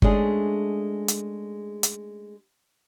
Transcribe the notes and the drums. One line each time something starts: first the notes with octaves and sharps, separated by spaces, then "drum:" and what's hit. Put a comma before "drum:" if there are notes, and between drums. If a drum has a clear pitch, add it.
G#3 A3 C#4 D4 G#4, drum: kick G1
drum: hi-hat
drum: hi-hat